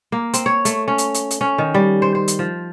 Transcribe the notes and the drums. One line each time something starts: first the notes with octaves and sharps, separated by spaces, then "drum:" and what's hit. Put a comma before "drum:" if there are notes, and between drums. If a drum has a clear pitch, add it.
A#3
C4, drum: hi-hat
C#5
A3, drum: hi-hat
C#4
drum: hi-hat
drum: hi-hat
drum: hi-hat
C#4
D#3
G3
C5
C5
drum: hi-hat
F3